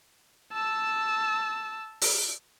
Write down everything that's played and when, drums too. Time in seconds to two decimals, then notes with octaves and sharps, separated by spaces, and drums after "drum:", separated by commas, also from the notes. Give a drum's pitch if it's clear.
0.53 A5 E6
2.01 drum: open hi-hat